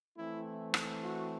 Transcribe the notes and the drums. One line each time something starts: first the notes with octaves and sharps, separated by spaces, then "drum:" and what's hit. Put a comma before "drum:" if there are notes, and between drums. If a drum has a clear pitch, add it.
E3 A3 C4 E4
drum: rim click
F#4